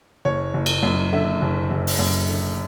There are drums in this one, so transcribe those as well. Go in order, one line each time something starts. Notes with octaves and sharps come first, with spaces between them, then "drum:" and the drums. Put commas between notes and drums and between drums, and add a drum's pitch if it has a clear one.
F#1 C#5
F#1
drum: cymbal
F#2
D3 E5
F#1
F#1
drum: open hi-hat
F#2
D3